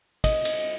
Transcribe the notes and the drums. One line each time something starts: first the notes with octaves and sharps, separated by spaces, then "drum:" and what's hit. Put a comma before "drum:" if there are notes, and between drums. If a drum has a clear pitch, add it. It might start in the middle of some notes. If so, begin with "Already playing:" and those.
D#5, drum: kick, cymbal
drum: cymbal